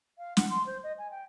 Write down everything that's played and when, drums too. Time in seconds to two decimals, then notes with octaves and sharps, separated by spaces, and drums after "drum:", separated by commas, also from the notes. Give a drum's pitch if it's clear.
0.18 F5
0.37 F#5, drum: snare
0.49 C6
0.66 C5
0.83 D#5
0.98 G#5
1.10 G5